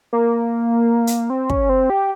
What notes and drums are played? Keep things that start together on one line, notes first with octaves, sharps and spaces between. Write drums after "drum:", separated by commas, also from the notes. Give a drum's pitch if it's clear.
A#3
drum: hi-hat
C4
C#4, drum: kick
C4
G4